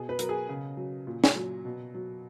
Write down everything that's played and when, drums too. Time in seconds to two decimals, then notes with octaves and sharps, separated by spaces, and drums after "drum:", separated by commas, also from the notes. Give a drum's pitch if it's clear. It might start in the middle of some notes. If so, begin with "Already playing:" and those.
Already playing: B2 G#4
0.09 B4
0.19 F#3 A#4, drum: hi-hat
0.29 G#4
0.49 C#3
0.77 F#3
1.07 A#2
1.24 drum: snare
1.36 F#3
1.65 B2
1.94 F#3